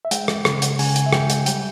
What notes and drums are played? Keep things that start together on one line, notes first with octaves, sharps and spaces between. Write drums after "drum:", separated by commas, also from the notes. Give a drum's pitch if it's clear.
E5
G#3 G5, drum: hi-hat
drum: rim click
C#3, drum: rim click
drum: hi-hat
C#3 G#5, drum: open hi-hat
drum: hi-hat
E5
G#3 G5, drum: rim click
drum: hi-hat
G3 G5, drum: hi-hat